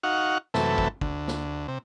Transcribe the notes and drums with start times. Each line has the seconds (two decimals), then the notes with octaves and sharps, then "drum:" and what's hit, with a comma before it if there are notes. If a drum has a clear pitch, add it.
0.03 D#4 F#4 F5 F#5 C#6
0.54 F#2 C3 E3 A3 A4 B4, drum: snare
0.78 drum: kick
1.01 D2, drum: kick
1.28 drum: snare
1.68 C3